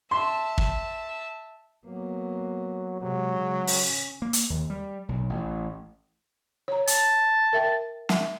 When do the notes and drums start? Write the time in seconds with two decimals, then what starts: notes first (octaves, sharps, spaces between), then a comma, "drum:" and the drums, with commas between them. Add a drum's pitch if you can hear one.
0.11 E5 A5 C6
0.58 drum: kick
1.86 F#3 A#3 B3
3.00 C3 F#3 G#3
3.37 C#3 G#3
3.67 C#4, drum: open hi-hat
4.22 A#3
4.33 drum: hi-hat
4.50 D#2
4.70 G3
5.09 B1
5.30 A1
6.68 C#5 A#5
6.87 A5, drum: hi-hat
7.53 A#4 E5 G5
8.09 E5, drum: snare